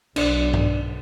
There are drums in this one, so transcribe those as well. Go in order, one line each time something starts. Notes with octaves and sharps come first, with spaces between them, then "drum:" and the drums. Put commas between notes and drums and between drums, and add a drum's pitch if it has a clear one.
B1 D4 D5, drum: cymbal
drum: tom G2